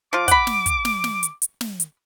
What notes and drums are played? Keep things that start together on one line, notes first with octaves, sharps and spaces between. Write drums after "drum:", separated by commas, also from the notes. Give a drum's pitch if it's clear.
F3 F4 D6
F#5 B5, drum: kick, hi-hat
drum: snare
drum: kick, hi-hat
drum: snare
drum: snare
drum: hi-hat
drum: hi-hat
drum: snare
drum: hi-hat